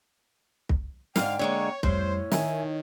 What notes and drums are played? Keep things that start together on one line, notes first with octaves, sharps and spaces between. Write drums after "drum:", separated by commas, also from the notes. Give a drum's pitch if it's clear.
drum: kick
G#2 D3 F5 G5, drum: snare
D3 G#3 A#3 C#5
F2 A2 G3 C5 C#5, drum: kick
D#3 E5 G#5, drum: snare